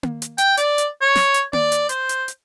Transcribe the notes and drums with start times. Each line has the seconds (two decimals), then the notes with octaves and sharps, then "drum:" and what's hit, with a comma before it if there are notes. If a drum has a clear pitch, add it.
0.03 drum: tom A#3
0.22 drum: hi-hat
0.38 G5, drum: hi-hat
0.57 D5, drum: hi-hat
0.78 drum: hi-hat
1.01 C#5
1.15 drum: snare
1.34 drum: hi-hat
1.53 D5, drum: tom A#3
1.72 drum: hi-hat
1.89 C5, drum: hi-hat
2.09 drum: hi-hat
2.28 drum: hi-hat